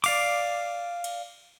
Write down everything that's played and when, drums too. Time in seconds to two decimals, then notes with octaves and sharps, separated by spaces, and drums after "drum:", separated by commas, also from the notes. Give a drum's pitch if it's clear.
0.04 D5 F5 D6, drum: cymbal
1.04 drum: cymbal